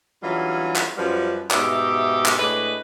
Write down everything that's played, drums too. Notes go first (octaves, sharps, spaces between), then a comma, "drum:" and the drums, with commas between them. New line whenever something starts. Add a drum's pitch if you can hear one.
E3 F#3 G3 C#4 D4 F4
drum: clap
F#2 F3 G3 C#4 F#4 B4
G#2 B2 D#4 G4 E5, drum: clap
drum: clap
A2 G#3 D4 B4 D#5